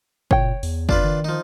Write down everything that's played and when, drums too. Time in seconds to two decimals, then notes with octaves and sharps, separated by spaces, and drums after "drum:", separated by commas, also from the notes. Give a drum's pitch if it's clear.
0.31 A#2 C#5 G5, drum: kick F#1
0.63 E2, drum: open hi-hat
0.89 F2 D4 F4 B4, drum: kick F#1
1.04 D#3
1.24 F3 D#4